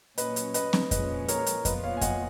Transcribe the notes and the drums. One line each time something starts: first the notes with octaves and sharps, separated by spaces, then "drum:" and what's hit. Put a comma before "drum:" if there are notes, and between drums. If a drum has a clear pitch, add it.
A#2 F#3 C#4 B4 D#5, drum: hi-hat
drum: hi-hat
B4 D#5, drum: hi-hat
drum: snare C4
A#2 F3 G#3 C#4 B4 D#5, drum: kick F2, hi-hat
A#4 C#5, drum: hi-hat
drum: hi-hat
A#2 F3 B3 F4 B4 D#5, drum: kick F2, hi-hat
C#5 F5
G#5
D#5 F#5, drum: kick F2, hi-hat